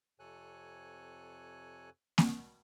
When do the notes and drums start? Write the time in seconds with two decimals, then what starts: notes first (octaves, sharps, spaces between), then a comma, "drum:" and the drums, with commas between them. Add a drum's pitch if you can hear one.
0.20 F2 C3 A4 C#5 G#5 F#6
2.18 drum: snare A#3